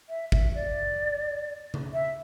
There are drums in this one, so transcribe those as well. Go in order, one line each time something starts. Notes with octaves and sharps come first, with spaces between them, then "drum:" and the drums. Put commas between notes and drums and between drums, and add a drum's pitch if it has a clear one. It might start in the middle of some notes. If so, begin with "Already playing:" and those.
E5
E5, drum: kick
D5
drum: tom C#3
E5